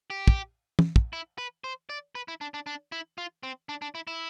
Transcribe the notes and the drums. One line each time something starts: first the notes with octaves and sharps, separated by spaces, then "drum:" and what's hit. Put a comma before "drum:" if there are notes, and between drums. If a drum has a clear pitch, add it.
G4
drum: kick
drum: tom
drum: kick
E4
B4
C5
D5
B4
E4
D4
D4
D4
E4
F4
C4
D4
D4
E4
E4